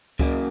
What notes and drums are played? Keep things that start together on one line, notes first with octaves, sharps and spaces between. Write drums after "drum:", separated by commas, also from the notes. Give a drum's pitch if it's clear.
C#3 F#3 A#3, drum: kick C#2